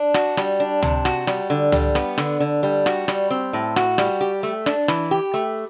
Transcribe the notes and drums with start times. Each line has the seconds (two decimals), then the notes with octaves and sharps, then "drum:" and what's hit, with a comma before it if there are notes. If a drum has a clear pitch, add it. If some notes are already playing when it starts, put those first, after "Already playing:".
Already playing: D4
0.14 F#4, drum: rim click
0.37 G3, drum: rim click
0.60 D4
0.82 C3, drum: tom
1.05 F#4, drum: rim click
1.27 G3, drum: rim click
1.50 D3
1.72 G3, drum: tom
1.95 B3, drum: rim click
2.18 D3, drum: rim click
2.40 D3
2.63 G3
2.86 F#4, drum: rim click
3.08 G3, drum: rim click
3.30 C4
3.53 A2
3.76 F#4, drum: rim click
3.98 G3, drum: rim click
4.21 G4
4.43 A3
4.66 D4, drum: rim click
4.88 E3, drum: rim click
5.11 G4
5.34 A3